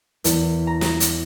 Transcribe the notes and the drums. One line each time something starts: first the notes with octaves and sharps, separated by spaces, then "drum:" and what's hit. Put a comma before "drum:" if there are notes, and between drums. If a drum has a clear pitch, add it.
E2, drum: hi-hat
A#5
drum: snare
drum: hi-hat